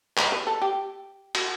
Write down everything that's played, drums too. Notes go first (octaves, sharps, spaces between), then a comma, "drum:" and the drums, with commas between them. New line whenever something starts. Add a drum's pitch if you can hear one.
B4, drum: clap
B4
A4
G4
F#4, drum: cymbal